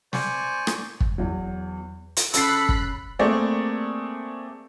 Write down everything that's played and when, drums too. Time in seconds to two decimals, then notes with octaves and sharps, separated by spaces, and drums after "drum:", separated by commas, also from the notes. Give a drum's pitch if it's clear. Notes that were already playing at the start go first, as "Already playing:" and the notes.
0.13 C5 D5 G#5 C#6, drum: snare
0.67 drum: rim click
1.00 drum: kick
1.18 E2 F#3
2.17 drum: hi-hat
2.33 C#3 A4 B5 F#6 A6 B6 C7, drum: hi-hat
2.69 drum: kick
3.19 A3 A#3 C4 G#4 D5